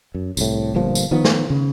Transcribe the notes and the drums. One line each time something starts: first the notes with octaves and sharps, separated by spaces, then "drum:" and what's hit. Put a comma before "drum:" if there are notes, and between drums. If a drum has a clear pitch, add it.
F#2
C2 A2, drum: tambourine
G1 G2 A#2 F3
drum: tambourine
D#3 F3 B3
drum: snare
C#3